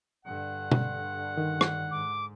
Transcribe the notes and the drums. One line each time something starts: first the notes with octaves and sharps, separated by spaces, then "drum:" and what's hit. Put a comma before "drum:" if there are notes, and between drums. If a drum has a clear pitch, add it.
G2 D3 F#5
drum: tom
D#3
drum: rim click
G#2 D6